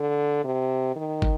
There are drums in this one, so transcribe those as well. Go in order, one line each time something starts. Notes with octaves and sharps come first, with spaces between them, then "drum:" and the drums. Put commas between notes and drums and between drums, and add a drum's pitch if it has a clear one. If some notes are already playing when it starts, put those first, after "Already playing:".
Already playing: D3
C3
D#3
drum: kick